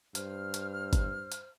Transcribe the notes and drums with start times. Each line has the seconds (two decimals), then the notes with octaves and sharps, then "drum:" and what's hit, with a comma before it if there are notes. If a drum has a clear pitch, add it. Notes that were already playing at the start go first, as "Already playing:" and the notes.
0.15 G2 C5 F6, drum: hi-hat
0.54 drum: hi-hat
0.93 drum: kick G1, hi-hat
1.32 drum: hi-hat